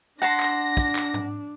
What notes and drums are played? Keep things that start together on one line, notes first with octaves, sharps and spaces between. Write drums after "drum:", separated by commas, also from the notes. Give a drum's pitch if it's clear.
D4 F#5 A5 C6 A#6
drum: clap
drum: kick, hi-hat
drum: clap
drum: tom G#2